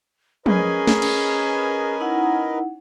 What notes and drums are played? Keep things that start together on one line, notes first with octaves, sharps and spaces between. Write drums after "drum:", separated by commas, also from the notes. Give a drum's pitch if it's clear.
C#4 G#4 A#4 B4 D#5 G#5, drum: tom F3
drum: snare
drum: cymbal
D#4 E4 F#5